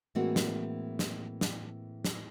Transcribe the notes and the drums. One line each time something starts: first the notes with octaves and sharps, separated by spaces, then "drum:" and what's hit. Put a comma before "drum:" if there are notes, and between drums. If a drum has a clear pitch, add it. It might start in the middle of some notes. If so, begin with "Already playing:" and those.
A2 E3 G#3 A#3 C4 F#4
drum: snare
drum: snare
drum: snare
drum: snare